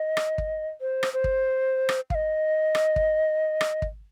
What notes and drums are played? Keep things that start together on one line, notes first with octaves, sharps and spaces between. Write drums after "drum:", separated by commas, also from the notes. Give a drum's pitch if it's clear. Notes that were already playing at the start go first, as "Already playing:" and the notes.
Already playing: D#5
drum: rim click
drum: kick
C5
drum: rim click
C5
drum: kick
drum: rim click
F5, drum: kick
D#5
drum: rim click
drum: kick
drum: rim click
drum: kick